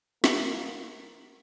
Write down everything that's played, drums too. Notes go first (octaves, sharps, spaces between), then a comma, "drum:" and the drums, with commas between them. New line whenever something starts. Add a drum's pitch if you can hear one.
A#3, drum: snare